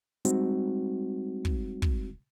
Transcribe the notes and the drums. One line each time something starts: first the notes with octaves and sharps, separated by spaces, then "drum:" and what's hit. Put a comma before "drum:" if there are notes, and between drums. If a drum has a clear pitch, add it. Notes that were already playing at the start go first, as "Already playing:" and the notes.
G3 G#3 C4 D#4 F#4, drum: hi-hat
drum: kick
drum: kick